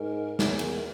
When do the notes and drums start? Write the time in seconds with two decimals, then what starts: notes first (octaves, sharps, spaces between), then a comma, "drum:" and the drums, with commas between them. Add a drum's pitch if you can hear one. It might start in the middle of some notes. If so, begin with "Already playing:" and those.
Already playing: G#2 A#4
0.39 E2, drum: snare
0.59 drum: cymbal